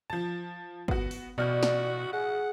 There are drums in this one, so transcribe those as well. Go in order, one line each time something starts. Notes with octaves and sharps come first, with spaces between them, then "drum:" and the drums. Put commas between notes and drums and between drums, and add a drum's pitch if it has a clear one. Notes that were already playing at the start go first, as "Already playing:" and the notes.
F3 A5
B3 F#4, drum: kick
drum: open hi-hat
A1 B2 F#4 D5 F6 G6
drum: snare
G#4 F#5